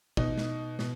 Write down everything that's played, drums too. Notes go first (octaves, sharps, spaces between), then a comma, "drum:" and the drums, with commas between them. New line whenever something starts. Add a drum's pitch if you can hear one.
B2 D#4, drum: kick
drum: snare
B2, drum: snare